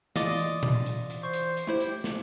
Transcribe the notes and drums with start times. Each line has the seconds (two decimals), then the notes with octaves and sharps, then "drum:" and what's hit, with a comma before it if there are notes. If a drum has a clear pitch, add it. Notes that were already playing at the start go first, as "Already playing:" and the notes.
0.16 E3 F4 D5 D#5, drum: snare
0.39 drum: hi-hat
0.63 drum: tom A#2
0.86 drum: hi-hat
1.10 drum: hi-hat
1.24 C5 C#6
1.33 drum: hi-hat
1.57 drum: hi-hat
1.67 A3 E4 G4 C5
1.81 drum: hi-hat
2.04 drum: snare